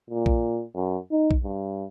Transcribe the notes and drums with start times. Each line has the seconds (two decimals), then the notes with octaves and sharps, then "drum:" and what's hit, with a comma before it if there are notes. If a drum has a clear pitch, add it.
0.10 A#2
0.26 drum: kick A#1
0.75 F#2
1.11 D#4
1.31 drum: kick A#1
1.44 G2